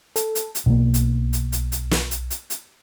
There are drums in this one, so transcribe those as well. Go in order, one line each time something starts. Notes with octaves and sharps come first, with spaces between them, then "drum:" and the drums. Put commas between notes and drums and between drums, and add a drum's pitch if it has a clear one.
A4, drum: hi-hat
drum: hi-hat
drum: hi-hat
B1 B2 A#3
drum: hi-hat
drum: hi-hat
drum: hi-hat
drum: hi-hat
drum: snare
drum: hi-hat
drum: hi-hat
drum: hi-hat